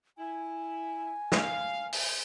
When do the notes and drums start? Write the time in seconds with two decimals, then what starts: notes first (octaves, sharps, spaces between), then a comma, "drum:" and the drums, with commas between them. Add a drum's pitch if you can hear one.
0.18 E4 G#5
1.32 F5, drum: snare
1.92 drum: open hi-hat